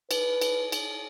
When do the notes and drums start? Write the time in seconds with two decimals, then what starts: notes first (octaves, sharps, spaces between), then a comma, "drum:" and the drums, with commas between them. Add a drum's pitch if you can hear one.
0.11 B4, drum: cymbal
0.42 drum: cymbal
0.72 drum: cymbal